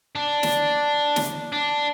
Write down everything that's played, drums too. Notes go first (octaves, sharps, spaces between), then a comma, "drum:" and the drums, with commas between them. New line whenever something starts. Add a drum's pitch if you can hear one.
D4
drum: snare
drum: snare
D4